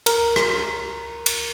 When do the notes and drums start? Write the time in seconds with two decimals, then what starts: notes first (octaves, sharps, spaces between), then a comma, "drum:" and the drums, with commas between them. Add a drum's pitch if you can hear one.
0.06 A#4, drum: cymbal
0.36 drum: rim click
1.26 drum: cymbal